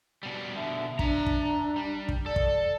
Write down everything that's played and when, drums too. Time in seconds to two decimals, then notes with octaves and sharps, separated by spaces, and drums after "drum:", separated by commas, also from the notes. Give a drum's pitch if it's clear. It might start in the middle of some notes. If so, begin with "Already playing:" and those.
0.23 B2 G3
0.56 B2 D3 E5
0.99 D4 E5 A#5, drum: kick
1.26 drum: kick
1.76 G3
2.09 drum: kick
2.26 A4 D5
2.36 drum: kick